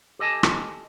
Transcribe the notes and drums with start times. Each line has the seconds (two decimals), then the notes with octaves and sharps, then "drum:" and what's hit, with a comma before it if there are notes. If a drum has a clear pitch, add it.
0.19 G4 A4 D#5 G#5 A5
0.43 drum: rim click